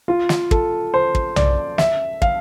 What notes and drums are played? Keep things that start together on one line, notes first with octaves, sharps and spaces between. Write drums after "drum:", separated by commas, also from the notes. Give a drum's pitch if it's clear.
F4
drum: snare
A4, drum: kick
C5
drum: kick
D5, drum: tom B1
E5, drum: snare
F5, drum: kick